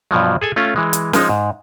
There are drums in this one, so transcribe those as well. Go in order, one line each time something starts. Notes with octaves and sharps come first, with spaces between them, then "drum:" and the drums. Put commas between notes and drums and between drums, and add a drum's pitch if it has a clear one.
G2 B2 F3 F#3
G#4 A4 G#5
A3 C#4 F4
E3 G#3
drum: hi-hat
F3 G#3 D#4, drum: snare
G#2